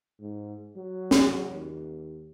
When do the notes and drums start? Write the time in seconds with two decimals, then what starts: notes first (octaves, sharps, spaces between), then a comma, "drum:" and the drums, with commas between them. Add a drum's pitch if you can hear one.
0.20 G#2
0.76 F#3
1.11 drum: snare
1.52 D#2